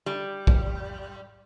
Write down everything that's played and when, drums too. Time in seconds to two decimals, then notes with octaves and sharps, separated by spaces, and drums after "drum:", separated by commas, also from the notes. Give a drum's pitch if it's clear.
0.06 G3
0.47 drum: kick